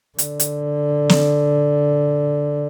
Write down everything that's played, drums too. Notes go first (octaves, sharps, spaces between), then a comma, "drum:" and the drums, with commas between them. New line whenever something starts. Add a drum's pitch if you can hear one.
D3, drum: hi-hat
drum: hi-hat
drum: snare